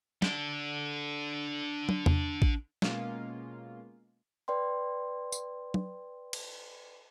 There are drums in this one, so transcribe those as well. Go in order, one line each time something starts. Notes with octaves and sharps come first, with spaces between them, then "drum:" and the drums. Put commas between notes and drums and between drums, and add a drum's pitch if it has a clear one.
D4 A4, drum: snare
drum: tom
drum: tom E2
drum: kick
B2 G#3 A#3 C#4 F4, drum: snare
B4 D5 G5 C6
drum: tambourine
drum: tom
drum: cymbal